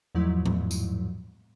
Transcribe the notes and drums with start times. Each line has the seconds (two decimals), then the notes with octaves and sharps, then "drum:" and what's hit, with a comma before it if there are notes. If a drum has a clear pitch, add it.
0.15 E2 G#2 F3 F#3 A3 E4
0.46 drum: tom A2
0.71 drum: tambourine